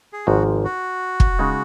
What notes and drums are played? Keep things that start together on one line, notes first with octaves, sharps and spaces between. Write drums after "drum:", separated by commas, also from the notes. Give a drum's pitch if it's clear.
G#4
G#1 G#2 F3 F#4
F#4
drum: kick
C#3 G#3 D#4